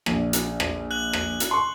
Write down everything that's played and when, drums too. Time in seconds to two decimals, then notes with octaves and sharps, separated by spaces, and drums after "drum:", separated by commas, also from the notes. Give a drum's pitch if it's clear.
0.06 A#1, drum: rim click
0.33 drum: hi-hat
0.60 drum: rim click
0.91 F#6 F#7
1.13 drum: rim click
1.40 drum: hi-hat
1.51 C6 C#6